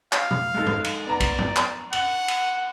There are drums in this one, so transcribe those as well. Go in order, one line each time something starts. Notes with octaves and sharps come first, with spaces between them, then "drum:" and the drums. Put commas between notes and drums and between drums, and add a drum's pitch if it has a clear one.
F5, drum: clap
drum: tom
G#3 D#4 A4
drum: tom
drum: cymbal
B3 D5 A#5
drum: kick A1, cymbal
drum: tom
drum: clap
F#5 F#7, drum: cymbal
drum: cymbal